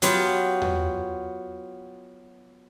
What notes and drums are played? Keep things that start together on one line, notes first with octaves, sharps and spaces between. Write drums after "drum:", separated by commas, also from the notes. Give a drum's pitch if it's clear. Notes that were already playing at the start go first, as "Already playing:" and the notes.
F#3 B3 F4 G4, drum: hi-hat
drum: tom E2